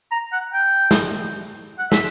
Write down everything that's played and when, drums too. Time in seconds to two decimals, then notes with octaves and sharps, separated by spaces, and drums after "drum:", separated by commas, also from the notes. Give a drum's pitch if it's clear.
0.12 A#5
0.33 F#5
0.54 G5
0.91 drum: snare
1.79 F#5
1.92 E5, drum: snare